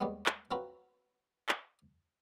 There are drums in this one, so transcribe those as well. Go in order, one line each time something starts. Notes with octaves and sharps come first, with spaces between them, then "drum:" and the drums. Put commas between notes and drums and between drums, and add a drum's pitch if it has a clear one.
D#2 D#3 G3 G#3 B3
drum: clap
F#3 C4 F4 F#4 A#4 B4
drum: clap